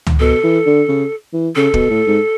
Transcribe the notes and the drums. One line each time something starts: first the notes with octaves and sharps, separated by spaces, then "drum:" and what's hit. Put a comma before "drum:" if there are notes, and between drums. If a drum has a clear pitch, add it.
drum: tom C#2
B2 A4
E3
D3
C#3
E3
C#3 A4
B2, drum: kick
A2
G#2